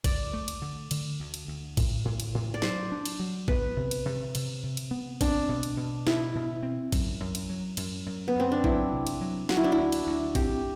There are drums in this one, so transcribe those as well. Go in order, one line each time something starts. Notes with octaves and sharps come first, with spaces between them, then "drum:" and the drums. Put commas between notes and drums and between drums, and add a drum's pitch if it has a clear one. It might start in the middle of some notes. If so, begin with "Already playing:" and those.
D2 D5, drum: kick, cymbal
A3
drum: cymbal
D3
D3, drum: cymbal
D2
drum: cymbal
D2
A2, drum: kick, cymbal
A2
drum: cymbal
A2
D5
F#3 C5, drum: snare
D4
drum: cymbal
F#3
B3 B4, drum: kick
C3
drum: cymbal
C3
C3, drum: cymbal
C3
drum: cymbal
B3
C4 D4, drum: kick, cymbal
B2
drum: cymbal
B2
B2 E4, drum: snare
B2
C4
F#2, drum: kick, cymbal
F#2
drum: cymbal
F#3
F#2, drum: cymbal
F#2
B3
F#2 C4
D4
F#3 E4, drum: kick
C3
drum: cymbal
F#3
F#3 F#4, drum: snare
E4
D4
E4
D2
drum: cymbal
D2
C4 G4, drum: kick, cymbal